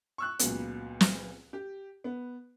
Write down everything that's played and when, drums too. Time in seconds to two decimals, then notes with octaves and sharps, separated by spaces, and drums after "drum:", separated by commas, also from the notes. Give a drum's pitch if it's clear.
0.18 C#6 E6 F#6
0.39 C#2 A#2 F#3 B3, drum: hi-hat
1.01 drum: snare
1.53 G4
2.04 B3